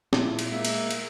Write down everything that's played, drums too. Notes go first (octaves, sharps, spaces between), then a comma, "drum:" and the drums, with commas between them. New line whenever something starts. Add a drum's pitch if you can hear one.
A#2 E4 F4, drum: snare
drum: cymbal
G#3 A#3 E5
drum: cymbal
drum: cymbal